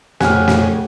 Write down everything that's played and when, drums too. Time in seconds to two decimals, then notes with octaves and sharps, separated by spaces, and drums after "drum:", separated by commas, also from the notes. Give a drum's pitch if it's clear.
0.20 F2 C#3 C#4 G4 F#5 G#5 F6, drum: snare
0.48 drum: snare